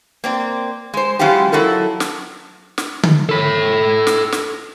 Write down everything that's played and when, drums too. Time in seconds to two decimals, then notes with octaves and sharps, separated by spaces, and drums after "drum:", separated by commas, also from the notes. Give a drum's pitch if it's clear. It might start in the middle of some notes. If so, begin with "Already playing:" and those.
0.24 A#3 C4 D5
0.94 G#3 C5
1.19 F#3 G#3 C#4 E4 F4 G4
1.52 F#3 E4 A4 A#4
2.00 drum: snare
2.78 drum: snare
3.03 drum: tom D3
3.29 A4 B5
4.07 drum: snare
4.32 drum: snare